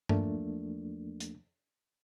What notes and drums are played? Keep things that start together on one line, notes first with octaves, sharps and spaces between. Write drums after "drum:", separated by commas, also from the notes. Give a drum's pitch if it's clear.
E2 F3 A3 A#3 D4, drum: tom G2
drum: hi-hat